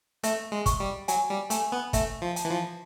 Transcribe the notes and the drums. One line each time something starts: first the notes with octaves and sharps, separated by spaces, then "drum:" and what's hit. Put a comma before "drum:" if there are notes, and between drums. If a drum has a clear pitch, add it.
A3 E5, drum: hi-hat
G#3
C#6, drum: kick, hi-hat
G3
F#3 G#5, drum: hi-hat
G3
A3 G#5, drum: hi-hat
B3
A3 E5, drum: kick, hi-hat
F3
A5, drum: hi-hat
E3
F3